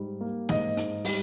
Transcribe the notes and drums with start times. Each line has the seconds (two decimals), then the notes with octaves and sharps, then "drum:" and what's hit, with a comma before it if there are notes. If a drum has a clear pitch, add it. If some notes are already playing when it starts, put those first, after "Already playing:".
Already playing: G#2 G3
0.21 A#3
0.49 G#2 D#5, drum: snare
0.77 G#2, drum: hi-hat
1.05 G3, drum: open hi-hat